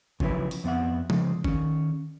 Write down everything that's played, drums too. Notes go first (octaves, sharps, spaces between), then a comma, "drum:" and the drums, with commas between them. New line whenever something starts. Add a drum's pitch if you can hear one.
C#3 F3 F#3 C4 E4 B4, drum: kick
drum: open hi-hat
F2 B3 E5 F#5
C#3 F3 G#3, drum: tom F3
D#3 C#4, drum: kick